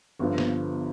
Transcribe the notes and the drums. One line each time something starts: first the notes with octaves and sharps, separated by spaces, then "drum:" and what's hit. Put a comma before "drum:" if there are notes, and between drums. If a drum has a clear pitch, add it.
G1 G2 D3 F3 B3
drum: snare